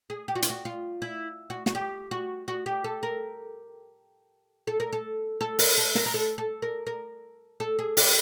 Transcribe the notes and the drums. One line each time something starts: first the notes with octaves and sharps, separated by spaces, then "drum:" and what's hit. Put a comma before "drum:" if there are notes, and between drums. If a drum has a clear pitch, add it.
G#4
G4
F#4
F4, drum: hi-hat
F#4
F4
E4
F#4
F#4, drum: snare
G4
F#4
F#4
G4
A4
A#4
A4
A#4
A4
A4
A#4, drum: open hi-hat
A4
A#4, drum: snare
A#4
A4
A4
A#4
A#4
A4
G#4
G4, drum: open hi-hat